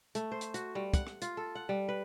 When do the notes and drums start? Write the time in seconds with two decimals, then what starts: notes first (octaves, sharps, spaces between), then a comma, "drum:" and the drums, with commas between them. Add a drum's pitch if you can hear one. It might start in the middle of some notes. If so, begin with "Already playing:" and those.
0.15 A3, drum: hi-hat
0.32 C5
0.41 drum: hi-hat
0.54 F#4, drum: hi-hat
0.75 G3
0.94 F#5, drum: kick, hi-hat
1.07 drum: rim click
1.22 F4, drum: hi-hat
1.37 A4
1.55 F#5
1.69 G3
1.89 B4